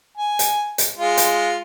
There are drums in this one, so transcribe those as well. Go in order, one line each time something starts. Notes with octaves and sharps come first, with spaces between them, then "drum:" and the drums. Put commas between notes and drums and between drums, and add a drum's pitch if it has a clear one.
G#5
drum: hi-hat
drum: hi-hat
G#3 F4
drum: hi-hat